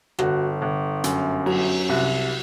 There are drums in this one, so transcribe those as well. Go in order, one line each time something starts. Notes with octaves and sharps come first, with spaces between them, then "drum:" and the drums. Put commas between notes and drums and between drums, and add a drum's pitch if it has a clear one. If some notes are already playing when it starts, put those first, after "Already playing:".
G1 F#4, drum: rim click
G1
F#2, drum: hi-hat
F#3, drum: cymbal
C2 F#4